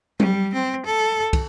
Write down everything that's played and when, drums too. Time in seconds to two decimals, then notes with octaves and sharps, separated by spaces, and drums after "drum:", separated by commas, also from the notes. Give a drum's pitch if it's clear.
0.20 G3, drum: tom F#3
0.54 C4
0.86 A4
1.33 drum: kick, cymbal